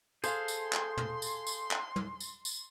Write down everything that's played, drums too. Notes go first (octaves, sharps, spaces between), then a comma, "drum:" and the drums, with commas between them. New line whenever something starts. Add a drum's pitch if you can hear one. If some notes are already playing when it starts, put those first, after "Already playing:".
G#4 A4 C5 F5 G#5 C6, drum: tambourine
drum: tambourine
drum: clap
drum: tom
drum: tambourine
drum: tambourine
drum: clap
drum: tom
drum: tambourine
drum: tambourine